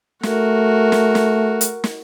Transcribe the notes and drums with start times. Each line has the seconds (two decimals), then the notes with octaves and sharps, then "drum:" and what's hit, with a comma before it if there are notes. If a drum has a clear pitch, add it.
0.23 A3 F#4 A#4, drum: snare
0.92 drum: snare
1.15 drum: snare
1.61 drum: hi-hat
1.84 drum: snare